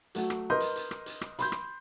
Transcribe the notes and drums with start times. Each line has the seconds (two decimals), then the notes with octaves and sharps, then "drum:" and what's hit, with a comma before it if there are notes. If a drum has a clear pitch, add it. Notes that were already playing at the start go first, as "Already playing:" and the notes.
0.15 F#3 A3 F#4, drum: hi-hat
0.30 drum: rim click
0.50 A#4 B4 D#5 C6 G6
0.60 drum: hi-hat
0.76 drum: hi-hat
0.91 drum: rim click
1.06 drum: hi-hat
1.21 drum: rim click
1.39 B5 C6 G6, drum: hi-hat
1.52 drum: rim click